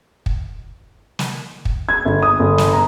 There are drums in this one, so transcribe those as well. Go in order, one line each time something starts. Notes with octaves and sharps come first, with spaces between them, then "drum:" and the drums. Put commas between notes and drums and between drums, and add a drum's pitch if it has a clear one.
drum: kick
drum: snare
drum: kick
G#6
G1
D#6
G1
drum: snare
A#5